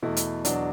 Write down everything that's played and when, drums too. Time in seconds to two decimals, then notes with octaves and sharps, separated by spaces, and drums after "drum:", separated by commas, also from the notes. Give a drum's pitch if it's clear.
0.02 E2 B2 A3 E4
0.17 drum: hi-hat
0.45 E2 B2 F#3 D4, drum: hi-hat